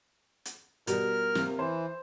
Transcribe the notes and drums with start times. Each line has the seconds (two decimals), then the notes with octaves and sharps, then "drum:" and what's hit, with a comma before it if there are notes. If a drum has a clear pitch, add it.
0.45 drum: hi-hat
0.87 B2 G3 A#4 F6, drum: hi-hat
1.35 C3 A#3, drum: snare
1.59 E3 C5